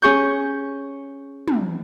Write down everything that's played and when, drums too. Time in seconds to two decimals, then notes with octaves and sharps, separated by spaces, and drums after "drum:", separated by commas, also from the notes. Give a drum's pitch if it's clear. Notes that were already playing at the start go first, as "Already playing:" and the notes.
0.02 C#4 G#4 C#6 G6
1.48 drum: tom